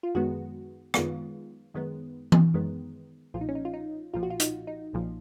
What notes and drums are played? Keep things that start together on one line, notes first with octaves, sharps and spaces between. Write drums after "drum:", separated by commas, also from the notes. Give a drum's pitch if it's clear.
F4
F#2 D#3 G#3 B3 F#4
F#2 D#3 G#3 B3 F4, drum: rim click
F#2 D#3 G#3 B3
drum: tom E3
F#2 D#3 G#3 B3
B1 A#2 F3 F4
D#4
C#4
D#4
F4
D#4
B1 A#2 F3 F4
F#4
F4
D#4, drum: hi-hat
D#4
B1 A#2 F3